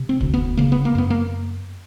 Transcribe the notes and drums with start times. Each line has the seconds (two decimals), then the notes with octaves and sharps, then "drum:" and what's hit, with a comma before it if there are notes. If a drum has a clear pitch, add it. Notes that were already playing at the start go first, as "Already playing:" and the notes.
Already playing: C3
0.09 C4
0.21 D2, drum: kick E1
0.34 B3
0.57 C#3 A#3
0.72 B3
0.85 A#3
0.95 F#2 B3
1.10 A#3